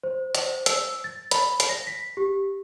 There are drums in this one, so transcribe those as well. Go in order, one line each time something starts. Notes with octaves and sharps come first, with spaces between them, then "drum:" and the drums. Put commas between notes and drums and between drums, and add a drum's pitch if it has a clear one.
C5
C5, drum: hi-hat
E6, drum: hi-hat
A6
B5, drum: hi-hat
drum: hi-hat
A#6
B6
G4